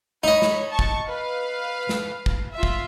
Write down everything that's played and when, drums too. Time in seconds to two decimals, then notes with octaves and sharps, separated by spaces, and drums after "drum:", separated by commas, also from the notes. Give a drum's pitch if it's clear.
0.24 D#4 C#5 D#5 B5
0.42 drum: snare
0.69 A5 C#6
0.79 drum: kick
1.07 B4 F5
1.89 drum: snare
2.26 drum: kick
2.53 F4 E5
2.63 drum: kick